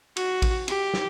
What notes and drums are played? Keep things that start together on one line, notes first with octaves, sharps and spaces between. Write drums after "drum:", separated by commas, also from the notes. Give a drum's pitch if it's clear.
F#4, drum: cymbal
drum: kick A1, cymbal
G4, drum: cymbal
drum: snare